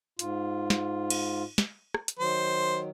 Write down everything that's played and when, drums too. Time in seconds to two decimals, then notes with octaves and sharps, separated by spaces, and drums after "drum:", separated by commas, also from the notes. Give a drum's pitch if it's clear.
0.19 G#2 F4, drum: hi-hat
0.70 drum: snare
1.10 drum: cymbal
1.58 drum: snare
1.94 drum: rim click
2.08 drum: hi-hat
2.19 D#3 F#3 C5